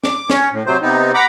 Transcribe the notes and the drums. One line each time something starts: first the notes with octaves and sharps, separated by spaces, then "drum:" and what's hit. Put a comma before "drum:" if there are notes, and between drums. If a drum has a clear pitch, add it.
D6, drum: snare
C#4 C#5, drum: snare
A2
C3 F#3 C5
C3 B3 C4 D#4
F#5 A#5 B5 D6